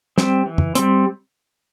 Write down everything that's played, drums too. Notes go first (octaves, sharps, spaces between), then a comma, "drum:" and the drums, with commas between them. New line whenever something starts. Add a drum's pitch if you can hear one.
G3 C4, drum: snare
E3
drum: tom
G3 C4, drum: hi-hat